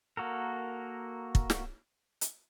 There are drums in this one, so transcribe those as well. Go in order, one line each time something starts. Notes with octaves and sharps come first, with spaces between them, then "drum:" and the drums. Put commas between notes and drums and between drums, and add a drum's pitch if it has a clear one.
A#3 F#4 A4 A#4
drum: kick
drum: snare
drum: hi-hat